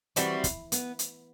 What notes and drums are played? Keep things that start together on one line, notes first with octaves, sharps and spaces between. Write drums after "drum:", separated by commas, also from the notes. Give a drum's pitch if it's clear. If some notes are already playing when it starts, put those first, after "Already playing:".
E3 G3 C4 F#4, drum: hi-hat
drum: kick, hi-hat
B3, drum: hi-hat
drum: hi-hat